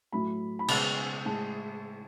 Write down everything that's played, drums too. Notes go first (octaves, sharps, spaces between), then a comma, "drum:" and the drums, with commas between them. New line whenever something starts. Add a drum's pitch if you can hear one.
A2 F#3 A3 B5
B5
C#3 G#3 B3 A5, drum: cymbal
G#5
A2 G#3 A5